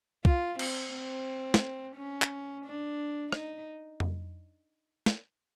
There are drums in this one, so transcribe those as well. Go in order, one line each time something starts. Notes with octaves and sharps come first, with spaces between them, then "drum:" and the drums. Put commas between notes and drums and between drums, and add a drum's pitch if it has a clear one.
F4, drum: kick
C4, drum: cymbal
C4
drum: snare
C#4
drum: clap
D4
D#4, drum: rim click
drum: tom F2
drum: snare